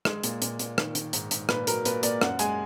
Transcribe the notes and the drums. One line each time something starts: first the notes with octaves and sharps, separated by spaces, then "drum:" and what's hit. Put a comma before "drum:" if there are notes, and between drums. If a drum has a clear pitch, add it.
G#3, drum: rim click
A#2, drum: hi-hat
A#2, drum: hi-hat
A#2, drum: hi-hat
D#3, drum: rim click
D#3, drum: hi-hat
G#2, drum: hi-hat
G#2, drum: hi-hat
A#2 B4, drum: rim click
F#3 A#4, drum: hi-hat
A#2 B4, drum: hi-hat
A#2 D5, drum: hi-hat
F#2 F#5, drum: rim click
G#3 G#5, drum: hi-hat